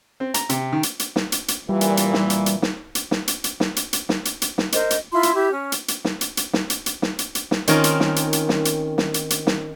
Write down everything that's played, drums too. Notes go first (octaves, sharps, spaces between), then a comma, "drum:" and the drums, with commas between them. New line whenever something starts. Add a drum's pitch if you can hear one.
C4
A#5, drum: hi-hat
C3, drum: hi-hat
D#3
drum: hi-hat
drum: hi-hat
drum: snare
drum: hi-hat
drum: hi-hat
A#2 E3 G3
drum: hi-hat
drum: hi-hat
drum: snare
drum: hi-hat
drum: hi-hat
drum: snare
drum: hi-hat
drum: snare
drum: hi-hat
drum: hi-hat
drum: snare
drum: hi-hat
drum: hi-hat
drum: snare
drum: hi-hat
drum: hi-hat
drum: snare
A#4 C5 D#5, drum: hi-hat
drum: hi-hat
E4 F4 C6
drum: hi-hat
E4 G4
C#4
drum: hi-hat
drum: hi-hat
drum: snare
drum: hi-hat
drum: hi-hat
drum: snare
drum: hi-hat
drum: hi-hat
drum: snare
drum: hi-hat
drum: hi-hat
drum: snare
D#3 C4 C#4 F4 A#4, drum: hi-hat
drum: hi-hat
drum: snare
drum: hi-hat
drum: hi-hat
drum: snare
drum: hi-hat
drum: snare
drum: hi-hat
drum: hi-hat
drum: snare